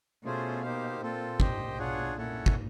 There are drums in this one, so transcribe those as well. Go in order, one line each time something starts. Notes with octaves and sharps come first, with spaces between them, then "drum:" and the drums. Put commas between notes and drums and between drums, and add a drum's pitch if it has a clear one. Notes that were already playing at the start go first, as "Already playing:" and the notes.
B2 A3 C#4 F4 G#4 C5
A#3 D#4 G4 C5 F5
A#2 C4 F4 A4
G4 C5 D#5 G5, drum: kick
B2 D4 F4 G#4 C#5 F#5
A#2 C#4 E4 A4 C#5 F#5
drum: kick